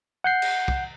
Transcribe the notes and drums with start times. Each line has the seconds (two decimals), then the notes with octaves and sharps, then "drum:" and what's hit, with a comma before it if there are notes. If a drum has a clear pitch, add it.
0.24 F#5 G6 C7
0.42 drum: cymbal
0.68 drum: kick